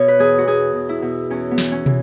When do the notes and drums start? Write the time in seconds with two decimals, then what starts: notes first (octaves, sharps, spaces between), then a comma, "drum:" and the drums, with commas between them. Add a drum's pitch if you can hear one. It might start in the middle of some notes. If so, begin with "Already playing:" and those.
Already playing: B2 C#5
0.08 B4
0.19 E2 G#4
0.38 F#4
0.47 E2 G#4
0.75 B2
0.89 E4
1.02 B2
1.30 E2 C#4
1.51 B3
1.58 E3, drum: snare
1.72 C#4
1.86 E3, drum: tom